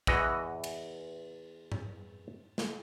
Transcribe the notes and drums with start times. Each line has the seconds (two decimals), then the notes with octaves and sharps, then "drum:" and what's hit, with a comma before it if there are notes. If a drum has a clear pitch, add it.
0.07 E2 E3 F#4 D#5 F#5, drum: kick
0.64 drum: cymbal
1.72 drum: tom G#2
2.58 drum: snare